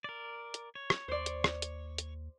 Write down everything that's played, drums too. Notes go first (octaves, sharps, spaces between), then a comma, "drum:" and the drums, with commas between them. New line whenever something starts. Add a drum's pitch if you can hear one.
A#4 D5
drum: hi-hat
C#5
drum: rim click
D#2 C5 D5
drum: hi-hat
drum: rim click
drum: hi-hat
drum: hi-hat